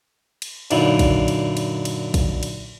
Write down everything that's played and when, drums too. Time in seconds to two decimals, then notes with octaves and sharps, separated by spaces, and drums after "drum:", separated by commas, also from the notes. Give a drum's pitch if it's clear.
0.42 drum: cymbal
0.71 F#2 A#2 D3 D#4 E4, drum: cymbal
0.99 drum: kick, cymbal
1.28 drum: cymbal
1.57 drum: cymbal
1.85 drum: cymbal
2.14 drum: kick, cymbal
2.43 drum: cymbal